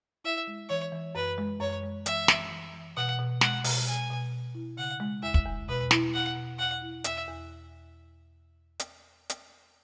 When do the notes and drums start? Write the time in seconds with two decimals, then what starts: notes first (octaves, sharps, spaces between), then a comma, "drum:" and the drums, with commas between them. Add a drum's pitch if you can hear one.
0.24 E4 E5
0.47 G#3
0.69 E3 C#5
0.92 E3
1.15 F#2 B4
1.38 G#3
1.60 F#2 C#5
1.83 G#3
2.06 E3 E5, drum: hi-hat
2.28 E3, drum: snare
2.51 E3
2.74 E3
2.97 B2 F#5
3.19 B2
3.41 G#3 F#5, drum: snare
3.64 B2, drum: open hi-hat
3.87 B2 G#5
4.10 B2
4.32 B2
4.55 E4
4.77 C#3 F#5
5.00 G#3
5.22 E2 E5
5.34 drum: kick
5.46 E2
5.68 B2 B4
5.91 E4, drum: snare
6.14 B2 F#5
6.36 B2
6.59 E2 F#5
6.82 E4
7.04 E2 E5, drum: hi-hat
7.27 E2
8.80 drum: hi-hat
9.30 drum: hi-hat